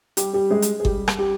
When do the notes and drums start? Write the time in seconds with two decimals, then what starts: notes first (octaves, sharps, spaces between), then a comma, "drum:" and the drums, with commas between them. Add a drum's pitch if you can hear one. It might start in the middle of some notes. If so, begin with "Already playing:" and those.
0.17 G3 G4, drum: hi-hat
0.33 G3 G4
0.50 G#3 G#4
0.62 drum: hi-hat
0.80 G#4
0.85 G3 G4, drum: kick G1
1.08 drum: rim click
1.18 G3 G4